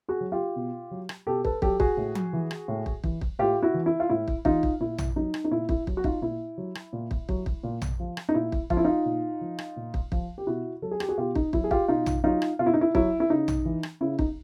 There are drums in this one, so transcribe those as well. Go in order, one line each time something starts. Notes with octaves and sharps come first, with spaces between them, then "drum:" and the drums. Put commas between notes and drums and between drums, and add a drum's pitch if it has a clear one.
F#4 G#4
F#3
F4 G4
B2
F#3
drum: rim click
B2 G4 A4
A4 B4, drum: kick
F#3 G4 A4, drum: kick
F#4 G#4, drum: kick
A2
drum: tom F3
E3
drum: rim click
A2
drum: kick
E3, drum: kick
drum: kick
A2 F4 G4
E4 F#4
E3
E4
F4
A2 E4
drum: kick
E3 D#4 F4, drum: kick
drum: kick
A#2 E4
drum: tom A#1
F#3 D#4
drum: rim click
D#4
A#2 E4
E4, drum: kick
F#3, drum: kick
F#4
D#4 F4, drum: kick
A#2 E4
F#3
drum: rim click
A#2
drum: kick
F#3, drum: kick
drum: kick
A#2
drum: tom A#1
F3
drum: rim click
D#4
A#2 E4
drum: kick
F3 F4, drum: kick
E4
D#4 F4
A#2
F3
drum: rim click
A#2
drum: kick
F3, drum: kick
G4
B2 E4 F#4
F#3 A4
G#4
G4, drum: rim click
F#4 G#4
B2 F4 G4
D#4, drum: kick
F#3 E4, drum: kick
G#4
F4 G4, drum: kick
B2 D#4 F4
drum: tom A#1
F#3 D#4 F4
drum: rim click
B2 F4
E4
D#4
E4
F#3 E4, drum: kick
E4
C#3 D#4
drum: tom A#1
E3
drum: rim click
C#3 E4
D#4, drum: kick